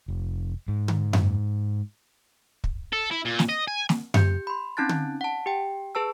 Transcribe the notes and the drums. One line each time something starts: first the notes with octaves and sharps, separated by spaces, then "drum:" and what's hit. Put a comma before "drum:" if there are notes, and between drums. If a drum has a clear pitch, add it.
F1
G#2
drum: tom D3
drum: tom F#2
drum: kick
A4
E4
A#2
drum: snare
D#5
G#5
drum: snare
G4 G6, drum: tom F#2
B5 C6
C4 C#4 D#4 A5 F#6 A6
drum: tom D3
F#5 A5
G4 G5
G#4 B4 A5 E6